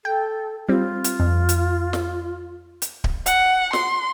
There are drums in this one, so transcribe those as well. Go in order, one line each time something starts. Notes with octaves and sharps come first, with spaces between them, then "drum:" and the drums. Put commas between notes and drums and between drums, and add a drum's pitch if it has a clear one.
A4 G5
G3 C4 F4
drum: hi-hat
F2
drum: hi-hat
drum: snare
drum: hi-hat
drum: kick D1
F#5, drum: hi-hat
C6, drum: snare